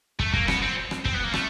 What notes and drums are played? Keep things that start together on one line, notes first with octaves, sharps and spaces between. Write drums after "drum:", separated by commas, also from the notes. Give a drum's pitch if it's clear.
A3, drum: kick
A#3, drum: kick
B3, drum: rim click
C4
drum: rim click
C4, drum: kick
B3
A#3
A3, drum: rim click